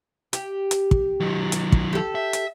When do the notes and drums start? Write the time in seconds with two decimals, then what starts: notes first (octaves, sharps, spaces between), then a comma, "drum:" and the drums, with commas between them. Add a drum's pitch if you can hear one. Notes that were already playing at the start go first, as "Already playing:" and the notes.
0.33 G4, drum: hi-hat
0.71 drum: hi-hat
0.91 drum: kick
1.20 D#3 F#3
1.52 drum: hi-hat
1.72 drum: kick
1.93 G4 A4
2.15 E5
2.33 drum: hi-hat